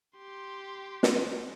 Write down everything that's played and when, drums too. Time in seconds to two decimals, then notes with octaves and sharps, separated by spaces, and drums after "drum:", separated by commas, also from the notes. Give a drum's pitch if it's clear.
0.18 G4 C6
1.03 drum: snare